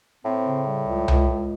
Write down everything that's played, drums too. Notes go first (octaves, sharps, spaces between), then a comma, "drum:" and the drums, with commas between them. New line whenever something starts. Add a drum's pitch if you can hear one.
A2 C4
C#3
G3
C#2
C#2, drum: tom C2
C#2